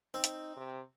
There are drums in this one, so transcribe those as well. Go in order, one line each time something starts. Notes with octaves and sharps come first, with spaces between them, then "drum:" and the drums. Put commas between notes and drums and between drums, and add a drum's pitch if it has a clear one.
C4 D#4
drum: hi-hat
C3